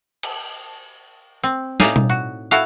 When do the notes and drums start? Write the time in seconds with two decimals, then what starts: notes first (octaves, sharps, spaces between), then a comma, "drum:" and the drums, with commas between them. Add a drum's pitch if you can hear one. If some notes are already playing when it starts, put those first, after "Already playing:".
0.23 drum: cymbal
1.43 C4
1.80 A2 D#4 D5 F5 G#5, drum: snare
1.96 drum: tom B2
2.09 F#4
2.51 E4 F#4 A4 F5